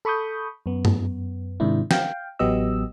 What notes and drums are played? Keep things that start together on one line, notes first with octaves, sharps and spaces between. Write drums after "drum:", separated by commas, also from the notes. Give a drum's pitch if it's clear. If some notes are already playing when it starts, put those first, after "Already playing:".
A4 B5 C#6 D#6 G6
F#2 B3
drum: tom G2
G#2 C3 D#3 D4 E4
F5 G5, drum: snare
A1 F#3 B3 G4 D#5 E6